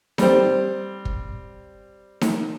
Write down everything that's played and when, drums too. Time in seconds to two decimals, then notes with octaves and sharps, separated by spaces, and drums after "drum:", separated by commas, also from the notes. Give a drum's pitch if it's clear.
0.18 G3 C4, drum: snare D#4
1.05 drum: kick
2.21 drum: snare D#4